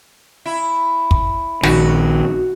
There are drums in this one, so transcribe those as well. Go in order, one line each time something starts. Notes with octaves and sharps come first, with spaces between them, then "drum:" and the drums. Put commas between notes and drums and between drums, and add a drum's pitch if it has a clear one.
E4
drum: kick
A#1 D#3 F#4, drum: snare